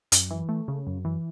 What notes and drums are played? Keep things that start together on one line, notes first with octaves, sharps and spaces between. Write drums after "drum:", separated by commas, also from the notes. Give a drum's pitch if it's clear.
F#2, drum: hi-hat
E3
A3
C#3
F#2
E3